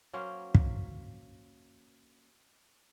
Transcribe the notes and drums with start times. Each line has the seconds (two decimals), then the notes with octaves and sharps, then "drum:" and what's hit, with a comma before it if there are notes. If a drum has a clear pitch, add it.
0.13 F#3 A#3 C#4 C5
0.55 drum: kick